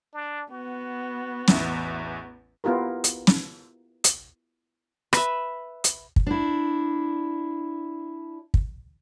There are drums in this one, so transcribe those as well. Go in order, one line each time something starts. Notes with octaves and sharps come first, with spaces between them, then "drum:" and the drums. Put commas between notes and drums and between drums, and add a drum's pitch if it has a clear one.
D4
B3 F#4
A1 E2 E5, drum: snare
B3 E4 F4 G4 A#4
drum: hi-hat
drum: snare
drum: hi-hat
B4 E5, drum: rim click
drum: hi-hat
drum: kick
D4 E4
drum: kick